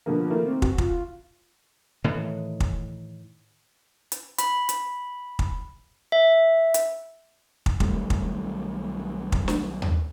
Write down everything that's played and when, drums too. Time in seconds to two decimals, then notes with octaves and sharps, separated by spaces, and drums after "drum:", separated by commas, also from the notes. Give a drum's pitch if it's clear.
0.06 B2 D3 F3 A#3
0.30 D#3 A3 A#3
0.46 C4
0.62 F#4, drum: kick
0.78 F4, drum: kick
2.04 A2 D#3 E3
2.60 drum: kick
4.12 drum: hi-hat
4.38 B5, drum: hi-hat
4.69 drum: hi-hat
5.39 drum: kick
6.12 E5
6.74 drum: hi-hat
7.66 drum: kick
7.80 B1 D#3 G3 A3, drum: kick
8.10 drum: kick
9.32 drum: kick
9.48 drum: snare
9.82 drum: tom D#2